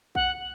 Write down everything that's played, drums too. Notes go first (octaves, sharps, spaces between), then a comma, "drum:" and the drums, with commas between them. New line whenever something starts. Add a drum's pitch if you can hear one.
F#5, drum: kick A#1